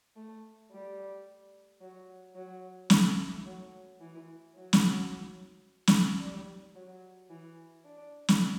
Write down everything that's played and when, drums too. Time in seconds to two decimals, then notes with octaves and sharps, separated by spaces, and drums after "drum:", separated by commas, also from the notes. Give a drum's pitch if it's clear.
0.16 A3
0.71 G3
1.81 F#3
2.35 F#3
2.90 A3, drum: snare
3.46 F#3
4.01 E3
4.56 F#3
4.73 drum: snare
5.87 drum: snare
6.20 G3
6.75 F#3
7.30 E3
7.85 D4
8.28 drum: snare